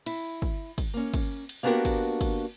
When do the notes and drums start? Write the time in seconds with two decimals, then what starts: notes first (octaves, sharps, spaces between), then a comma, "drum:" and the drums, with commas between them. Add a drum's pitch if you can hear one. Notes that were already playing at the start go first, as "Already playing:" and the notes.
0.06 E4, drum: cymbal
0.42 drum: kick
0.78 drum: kick, cymbal
0.94 A#3 C#4
1.14 drum: kick, cymbal
1.49 drum: cymbal
1.63 A#3 B3 D4 F#4 G4 A#4
1.85 drum: kick, cymbal
2.21 drum: kick, cymbal